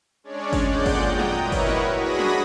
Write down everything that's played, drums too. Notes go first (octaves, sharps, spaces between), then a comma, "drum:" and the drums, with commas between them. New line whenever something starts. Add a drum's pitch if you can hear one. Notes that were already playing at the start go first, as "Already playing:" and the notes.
G#3 C#4 D4 C#5 D5
drum: kick G1, open hi-hat
F2 A#2 G#3 D5 F#5 G6
drum: kick G1, open hi-hat
G5 A#5 D#6
drum: snare
E4 F#4 A#4 B4 C#5 D#5
drum: kick G1, open hi-hat
drum: snare
D4 F#4 G#4 B5 D#6 A#6
drum: snare